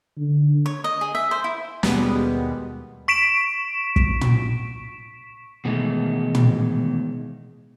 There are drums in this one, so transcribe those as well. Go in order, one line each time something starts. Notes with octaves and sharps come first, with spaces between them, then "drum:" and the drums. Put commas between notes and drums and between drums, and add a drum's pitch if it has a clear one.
D3
C#5
D#5
G#4
E5
C5
E4
D#2 B2 G3 G#3 B3, drum: snare
C#6 B6 D7 E7
drum: kick
drum: tom
B2 D#3 E3 G#3 A3
drum: tom